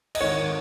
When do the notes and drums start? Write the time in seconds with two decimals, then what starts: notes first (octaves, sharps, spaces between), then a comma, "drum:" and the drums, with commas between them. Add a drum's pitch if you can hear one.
0.15 D#5, drum: cymbal
0.21 G#1 G#2 D#3 C#5